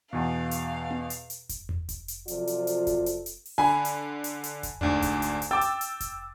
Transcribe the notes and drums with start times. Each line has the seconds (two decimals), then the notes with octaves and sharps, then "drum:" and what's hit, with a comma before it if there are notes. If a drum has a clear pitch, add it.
0.13 E2 B2 F5
0.51 drum: hi-hat
0.91 drum: tom B3
1.10 drum: hi-hat
1.30 drum: hi-hat
1.49 drum: kick F1, hi-hat
1.69 drum: tom E2
1.89 drum: kick F1, hi-hat
2.08 drum: hi-hat
2.28 C3 F3 F#3 F4 A4 D5, drum: hi-hat
2.47 drum: hi-hat
2.67 drum: hi-hat
2.87 drum: kick F1, hi-hat
3.06 drum: hi-hat
3.26 drum: hi-hat
3.45 drum: open hi-hat
3.58 D3 G#5 B5
3.85 drum: hi-hat
4.24 drum: hi-hat
4.44 drum: hi-hat
4.63 drum: kick F1, hi-hat
4.81 D2 G#2 D4, drum: tom E2
5.02 drum: kick F1, hi-hat
5.22 drum: hi-hat
5.42 drum: hi-hat
5.51 G5 D6 E6 A6
5.61 drum: hi-hat
5.81 drum: hi-hat
6.00 drum: kick F1, hi-hat